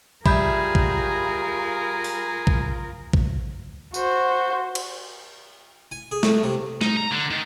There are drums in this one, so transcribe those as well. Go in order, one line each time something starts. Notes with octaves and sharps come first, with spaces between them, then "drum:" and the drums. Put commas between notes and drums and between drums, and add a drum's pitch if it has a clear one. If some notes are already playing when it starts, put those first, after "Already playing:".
G3 F4 G#4 A#4 E5 B5 G6, drum: kick
drum: kick
drum: open hi-hat
drum: kick
drum: kick
F#4 C5, drum: tambourine
drum: cymbal
G#5
G#4
A3, drum: snare A3
C3
D#4, drum: snare A3
A#5
D3
D#3